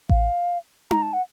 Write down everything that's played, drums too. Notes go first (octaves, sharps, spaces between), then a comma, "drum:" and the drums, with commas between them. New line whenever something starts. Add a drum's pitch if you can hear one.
F5, drum: kick A1
A#5, drum: tom D#4
A5
F#5